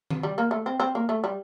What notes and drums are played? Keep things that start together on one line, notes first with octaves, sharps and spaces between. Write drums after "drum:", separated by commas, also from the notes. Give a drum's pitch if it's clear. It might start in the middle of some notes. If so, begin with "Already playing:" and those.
drum: tom D#3
G3
A#3
A3
C4
C4
A#3
A3
G3